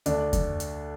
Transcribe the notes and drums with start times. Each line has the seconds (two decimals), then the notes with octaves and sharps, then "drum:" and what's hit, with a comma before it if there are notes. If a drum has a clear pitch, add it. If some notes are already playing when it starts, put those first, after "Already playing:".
0.06 D2 D4, drum: hi-hat
0.33 drum: kick F2, hi-hat
0.60 drum: hi-hat